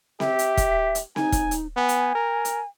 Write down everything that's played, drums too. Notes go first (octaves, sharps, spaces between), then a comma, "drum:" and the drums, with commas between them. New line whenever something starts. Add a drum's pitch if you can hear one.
G4 E5, drum: snare C4
drum: hi-hat
drum: kick E1, hi-hat
drum: hi-hat
D#4 G#5, drum: snare C4
drum: kick E1, hi-hat
drum: hi-hat
B3 G#5
drum: hi-hat
A#4
drum: hi-hat